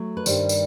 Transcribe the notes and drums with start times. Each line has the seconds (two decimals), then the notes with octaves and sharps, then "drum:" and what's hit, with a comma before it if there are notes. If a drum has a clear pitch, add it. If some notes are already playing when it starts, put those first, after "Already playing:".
Already playing: F#3 A3
0.17 B4
0.26 G2 D#3 G3 C5, drum: tambourine
0.49 drum: tambourine